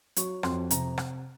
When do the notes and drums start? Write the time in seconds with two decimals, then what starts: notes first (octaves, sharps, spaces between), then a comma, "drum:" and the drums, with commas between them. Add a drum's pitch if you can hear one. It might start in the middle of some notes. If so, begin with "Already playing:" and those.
0.16 F#3 C#6, drum: hi-hat
0.43 F2 C6, drum: rim click
0.71 C3 A#5, drum: hi-hat
0.98 drum: rim click